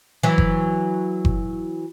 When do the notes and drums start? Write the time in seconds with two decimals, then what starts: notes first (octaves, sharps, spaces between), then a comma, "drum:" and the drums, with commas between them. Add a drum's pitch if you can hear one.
0.23 E3 F#3
0.38 drum: kick F#1
1.25 drum: kick F#1